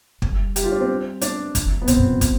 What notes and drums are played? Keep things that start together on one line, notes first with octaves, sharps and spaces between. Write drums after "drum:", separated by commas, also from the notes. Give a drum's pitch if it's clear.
G3, drum: kick
G4, drum: hi-hat
F4
D4
C4
D4, drum: hi-hat
F3, drum: kick, hi-hat
D#3
D3 B3
B2 C4, drum: hi-hat
G2
F2
drum: kick, hi-hat